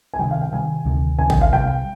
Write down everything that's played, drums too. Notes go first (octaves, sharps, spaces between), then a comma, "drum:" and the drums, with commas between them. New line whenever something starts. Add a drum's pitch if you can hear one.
G#5
C3 D#3 G3 G5
F5
G5
C3 D#3 G3 G#5
D2 C3 D#3
D2 C3 D#3 G#5
G5, drum: kick
F5
C2 C3 D#3 G3 G5